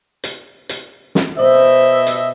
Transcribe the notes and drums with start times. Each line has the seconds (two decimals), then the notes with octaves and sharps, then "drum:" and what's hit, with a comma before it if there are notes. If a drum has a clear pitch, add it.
0.24 drum: hi-hat
0.69 drum: hi-hat
1.15 drum: snare
1.38 B2 C5 D#5 E5
2.07 drum: hi-hat